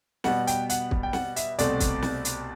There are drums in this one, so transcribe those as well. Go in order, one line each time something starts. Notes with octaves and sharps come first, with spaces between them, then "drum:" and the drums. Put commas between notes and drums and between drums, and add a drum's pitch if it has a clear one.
B2 G3 B3 F#5, drum: snare
G5, drum: hi-hat
F#5, drum: hi-hat
drum: kick
G5
F#5, drum: snare
E5, drum: hi-hat
C2 B2 A3 C4 D5, drum: hi-hat
drum: kick, hi-hat
drum: snare
drum: hi-hat